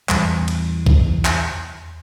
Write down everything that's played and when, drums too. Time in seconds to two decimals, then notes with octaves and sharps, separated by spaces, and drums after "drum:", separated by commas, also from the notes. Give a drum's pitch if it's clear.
0.09 E2 G3, drum: clap
0.48 drum: cymbal
0.86 drum: kick B1
1.25 drum: clap